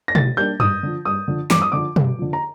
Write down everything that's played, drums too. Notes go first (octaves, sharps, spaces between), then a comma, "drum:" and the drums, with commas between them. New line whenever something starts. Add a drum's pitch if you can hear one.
A#6
A2 A6, drum: tom B2
G3 A#3 D4 G6
G2 D#6, drum: tom F#2
D3 F3
G2 D#6
D3 F3
G2 D6, drum: snare
D#6
D3 F3 D6
G2, drum: tom B2
D3 F3
A#5